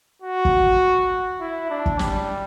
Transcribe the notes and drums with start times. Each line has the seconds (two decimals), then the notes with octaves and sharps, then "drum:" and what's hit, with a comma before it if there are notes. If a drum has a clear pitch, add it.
0.22 F#4
0.45 drum: kick
1.40 E4
1.70 D4
1.86 drum: kick
1.99 G3, drum: snare